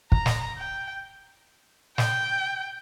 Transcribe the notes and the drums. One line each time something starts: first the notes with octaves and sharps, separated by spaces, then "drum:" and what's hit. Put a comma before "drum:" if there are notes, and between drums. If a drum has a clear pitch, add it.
A#5, drum: kick
drum: snare
G5
G5, drum: snare